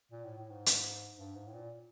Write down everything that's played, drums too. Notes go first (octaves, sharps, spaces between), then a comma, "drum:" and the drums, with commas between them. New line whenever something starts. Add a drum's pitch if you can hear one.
A#2
A2
A2
G#2
drum: hi-hat
G2
G#2
A2
A#2